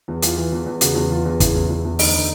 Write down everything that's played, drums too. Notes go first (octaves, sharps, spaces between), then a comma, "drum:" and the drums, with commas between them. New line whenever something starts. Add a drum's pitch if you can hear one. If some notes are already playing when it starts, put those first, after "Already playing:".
E2
E3 F4, drum: hi-hat
E3
E2
E2
C#3 F#4, drum: hi-hat
E2
E3 F4
E2
C#3 E4, drum: kick, hi-hat
E2
E2
E2
D2 D#4, drum: open hi-hat
D3